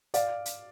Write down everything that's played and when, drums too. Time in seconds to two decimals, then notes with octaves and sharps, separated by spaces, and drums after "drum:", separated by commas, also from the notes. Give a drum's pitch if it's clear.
0.14 D5 F5, drum: hi-hat
0.46 drum: hi-hat